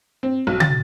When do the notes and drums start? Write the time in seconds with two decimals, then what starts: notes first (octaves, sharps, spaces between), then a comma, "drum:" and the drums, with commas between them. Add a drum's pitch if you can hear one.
0.23 C4
0.47 B1
0.60 A6, drum: tom